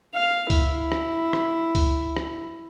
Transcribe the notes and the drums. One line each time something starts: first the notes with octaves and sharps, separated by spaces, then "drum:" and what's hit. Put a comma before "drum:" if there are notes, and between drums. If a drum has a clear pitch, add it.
F5
E4, drum: kick C#2, open hi-hat
drum: rim click
drum: rim click
drum: kick C#2, open hi-hat
drum: rim click